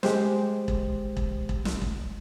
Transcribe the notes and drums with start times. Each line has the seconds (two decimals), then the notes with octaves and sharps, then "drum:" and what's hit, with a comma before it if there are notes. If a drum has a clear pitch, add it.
0.03 G#3 G4 C5, drum: snare
0.68 drum: kick E1
1.17 drum: kick E1
1.49 drum: kick E1
1.65 drum: snare
1.82 drum: kick E1